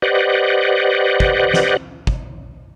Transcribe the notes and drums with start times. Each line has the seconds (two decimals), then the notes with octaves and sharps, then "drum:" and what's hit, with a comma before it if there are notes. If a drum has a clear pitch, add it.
0.02 G4 B4 C5 D5 D#5 F#5
1.20 drum: kick
1.54 drum: snare
2.07 drum: kick